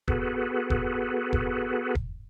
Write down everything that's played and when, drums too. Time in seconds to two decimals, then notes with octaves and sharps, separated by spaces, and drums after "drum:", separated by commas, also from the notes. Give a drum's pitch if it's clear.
0.08 B3 F#4 G#4 A4 B4, drum: kick E1
0.70 drum: kick E1
1.33 drum: kick E1
1.95 drum: kick E1